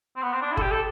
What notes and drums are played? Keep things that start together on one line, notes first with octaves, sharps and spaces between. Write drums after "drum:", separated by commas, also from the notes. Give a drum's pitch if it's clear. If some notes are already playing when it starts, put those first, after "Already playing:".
C4
B3
C4
D4
E4
A4, drum: kick G1
G4
A4